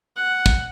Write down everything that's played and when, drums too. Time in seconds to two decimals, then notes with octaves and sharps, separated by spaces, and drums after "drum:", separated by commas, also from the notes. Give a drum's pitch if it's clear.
0.16 F#5
0.46 drum: kick